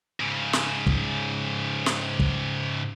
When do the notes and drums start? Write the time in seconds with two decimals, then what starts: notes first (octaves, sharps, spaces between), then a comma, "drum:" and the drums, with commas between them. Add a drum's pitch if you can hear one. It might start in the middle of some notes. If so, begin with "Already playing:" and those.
0.20 G#2 C#3
0.53 drum: snare
0.87 drum: kick
1.86 drum: snare
2.19 drum: kick